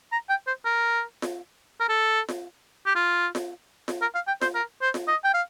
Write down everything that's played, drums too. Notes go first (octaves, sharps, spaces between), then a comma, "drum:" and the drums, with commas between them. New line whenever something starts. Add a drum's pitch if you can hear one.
A#5
G5
C5
A#4
drum: snare F4
A#4
A4
drum: snare F4
G4
F4
drum: snare F4
drum: snare F4
A#4
F5
G5
C5, drum: snare F4
A#4
C5
drum: snare F4
D#5
G5
F5